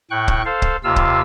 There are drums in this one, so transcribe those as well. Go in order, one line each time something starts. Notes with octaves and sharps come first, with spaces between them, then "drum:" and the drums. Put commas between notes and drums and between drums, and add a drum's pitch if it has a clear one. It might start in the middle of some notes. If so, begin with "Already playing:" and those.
A2 G5 C#6 F#6
drum: kick C#1
A4 C5 F5
drum: kick C#1
D#2 C3 F4 F5 E6
drum: kick C#1